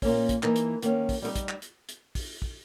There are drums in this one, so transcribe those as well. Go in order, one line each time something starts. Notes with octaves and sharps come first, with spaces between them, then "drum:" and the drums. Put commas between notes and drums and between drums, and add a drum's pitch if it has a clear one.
A#2 A#3 C#4, drum: kick, open hi-hat
drum: kick, hi-hat
E3 A#3 D#4 A#4, drum: clap
drum: hi-hat
D#3 A#3 C#4, drum: hi-hat
drum: kick, open hi-hat
G3 B3 D#4
drum: kick, hi-hat
drum: clap
drum: hi-hat
drum: hi-hat
drum: kick, open hi-hat
drum: kick